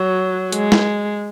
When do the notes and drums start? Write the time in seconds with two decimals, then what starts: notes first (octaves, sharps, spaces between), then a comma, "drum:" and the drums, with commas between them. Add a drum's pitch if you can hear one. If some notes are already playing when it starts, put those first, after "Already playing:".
Already playing: F#3
0.52 G#3, drum: hi-hat
0.72 drum: snare